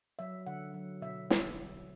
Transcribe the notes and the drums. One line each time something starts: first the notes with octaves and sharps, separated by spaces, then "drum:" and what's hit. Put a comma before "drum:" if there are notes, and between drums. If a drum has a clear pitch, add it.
F#3 E5
D3 F#5
F#3
B2 E5
drum: snare